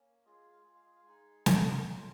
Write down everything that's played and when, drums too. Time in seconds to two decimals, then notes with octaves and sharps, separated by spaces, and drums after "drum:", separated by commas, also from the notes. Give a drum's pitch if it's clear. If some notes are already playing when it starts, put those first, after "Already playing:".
Already playing: A#3 C#4
0.26 G#3 F4 G#4 D#5
0.52 F5
0.66 G#3 F4 G#4
0.76 F5
0.86 D#5
0.96 F5
1.06 G#3 D#4 G#4 G#5
1.46 A#3 F4 G#4 F5, drum: snare
1.86 C#4 F4 G#4